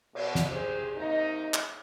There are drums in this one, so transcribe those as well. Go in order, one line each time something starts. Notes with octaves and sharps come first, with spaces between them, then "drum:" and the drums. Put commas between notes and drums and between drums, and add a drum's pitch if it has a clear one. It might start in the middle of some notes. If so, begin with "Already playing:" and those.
B2, drum: cymbal
drum: snare
G4 G#4 C5
C3 A#3 D#4
drum: clap